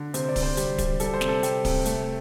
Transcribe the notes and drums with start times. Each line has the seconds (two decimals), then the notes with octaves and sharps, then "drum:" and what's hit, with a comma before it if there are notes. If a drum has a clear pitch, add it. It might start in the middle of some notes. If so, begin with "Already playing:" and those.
Already playing: D3
0.14 C3 C5, drum: hi-hat
0.28 D5
0.36 C3, drum: kick D1, open hi-hat
0.43 C5
0.57 G3, drum: hi-hat
0.78 G3, drum: kick D1, hi-hat
1.00 G3 A4, drum: hi-hat
1.14 C5
1.21 C3, drum: snare
1.28 A4
1.43 G3 G4, drum: hi-hat
1.65 C3, drum: kick D1, open hi-hat
1.85 A3, drum: hi-hat